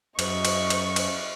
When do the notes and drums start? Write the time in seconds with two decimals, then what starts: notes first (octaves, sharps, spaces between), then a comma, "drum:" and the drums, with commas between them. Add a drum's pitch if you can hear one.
0.19 F#2 D#5 C#6, drum: cymbal
0.45 drum: cymbal
0.70 drum: cymbal
0.96 drum: cymbal